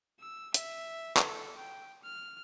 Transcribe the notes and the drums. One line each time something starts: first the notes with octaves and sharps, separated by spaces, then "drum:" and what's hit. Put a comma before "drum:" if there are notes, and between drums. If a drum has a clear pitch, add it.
E6
E5, drum: hi-hat
A4, drum: clap
G5
F6